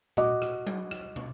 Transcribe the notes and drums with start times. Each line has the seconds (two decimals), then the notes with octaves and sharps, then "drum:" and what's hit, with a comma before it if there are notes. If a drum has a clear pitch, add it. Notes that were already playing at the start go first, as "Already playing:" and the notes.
0.17 F#4 D#5 D6, drum: tom A#2
0.42 drum: rim click
0.67 drum: tom F#3
0.91 drum: rim click
1.16 drum: tom